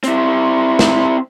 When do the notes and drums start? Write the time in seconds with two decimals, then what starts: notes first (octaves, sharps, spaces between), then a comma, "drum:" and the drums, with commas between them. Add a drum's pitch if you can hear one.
0.04 C4 E4, drum: hi-hat
0.79 drum: snare